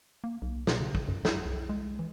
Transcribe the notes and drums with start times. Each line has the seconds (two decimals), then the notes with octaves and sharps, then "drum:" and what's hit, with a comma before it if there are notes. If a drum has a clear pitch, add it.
0.24 A#3
0.42 B1
0.67 B2, drum: snare
0.81 C#3
0.95 drum: kick
1.08 F#2
1.25 E4, drum: snare
1.45 C2
1.69 G#3
1.99 E3